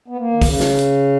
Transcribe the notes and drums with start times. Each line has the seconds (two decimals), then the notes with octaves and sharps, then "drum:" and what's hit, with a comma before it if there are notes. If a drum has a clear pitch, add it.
0.08 B3
0.17 A#3
0.33 D#3
0.42 C#3, drum: kick, open hi-hat
0.60 drum: snare
0.79 drum: hi-hat